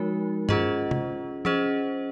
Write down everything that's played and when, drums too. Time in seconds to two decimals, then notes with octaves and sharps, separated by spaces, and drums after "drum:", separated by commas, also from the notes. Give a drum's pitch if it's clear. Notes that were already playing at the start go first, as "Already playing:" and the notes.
Already playing: F3 G#3 D#4 F#4 A#4
0.49 C#4 F4 G#4 C5 D#5, drum: tom G2
0.91 drum: tom C3
1.45 C#4 G#4 C5 D#5, drum: tom F3